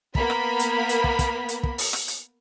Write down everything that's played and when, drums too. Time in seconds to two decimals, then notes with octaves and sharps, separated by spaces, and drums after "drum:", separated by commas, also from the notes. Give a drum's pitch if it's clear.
0.15 A#3 B3 A#4 B5, drum: kick
0.30 drum: rim click
0.59 drum: hi-hat
0.89 drum: hi-hat
1.04 drum: kick
1.19 drum: kick, hi-hat
1.49 drum: hi-hat
1.63 drum: kick
1.78 drum: open hi-hat
1.93 drum: rim click
2.08 drum: hi-hat